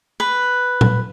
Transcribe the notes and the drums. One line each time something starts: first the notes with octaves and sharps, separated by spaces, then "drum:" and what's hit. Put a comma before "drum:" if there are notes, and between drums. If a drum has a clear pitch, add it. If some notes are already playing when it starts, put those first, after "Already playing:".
B4
drum: tom A#2